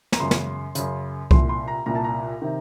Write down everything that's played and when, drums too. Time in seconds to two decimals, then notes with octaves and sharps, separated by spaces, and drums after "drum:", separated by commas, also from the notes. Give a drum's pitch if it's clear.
0.12 A#5, drum: snare
0.20 F#2 C#3 C6
0.31 drum: snare
0.75 F#2 C#3, drum: hi-hat
1.31 C2 A#2 C6, drum: kick C2
1.49 C6
1.68 A#5
1.86 C2 A#2 A#5
1.95 A5
2.04 A#5
2.42 C3 D#3